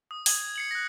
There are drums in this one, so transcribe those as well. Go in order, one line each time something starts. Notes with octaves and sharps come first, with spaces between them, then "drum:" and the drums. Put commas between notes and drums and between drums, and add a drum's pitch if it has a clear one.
D#6
D#6 G#6, drum: open hi-hat
G#6
C7 C#7 F#7
F#6 A#6